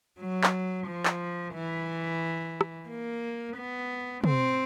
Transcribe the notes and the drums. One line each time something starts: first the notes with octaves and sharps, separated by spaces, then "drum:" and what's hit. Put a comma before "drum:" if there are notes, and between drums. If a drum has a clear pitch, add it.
F#3
drum: clap
F3
drum: clap
E3
drum: rim click
A#3
B3
C4, drum: tom